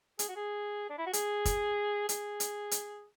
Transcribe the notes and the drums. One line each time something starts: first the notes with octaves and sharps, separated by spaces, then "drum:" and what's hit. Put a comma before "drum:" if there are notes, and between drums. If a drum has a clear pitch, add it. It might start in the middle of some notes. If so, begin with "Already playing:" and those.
G#4, drum: hi-hat
F#4
G#4
D4
E4
F#4
G#4, drum: hi-hat
drum: kick, hi-hat
G#4, drum: hi-hat
drum: hi-hat
drum: hi-hat